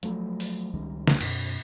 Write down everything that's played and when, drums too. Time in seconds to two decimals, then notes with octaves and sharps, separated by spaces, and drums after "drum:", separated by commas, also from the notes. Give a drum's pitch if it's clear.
0.03 F3 F#3 A3, drum: hi-hat
0.40 drum: open hi-hat
0.73 C#2 D#3 G3
1.07 drum: snare
1.21 F#2 B2, drum: cymbal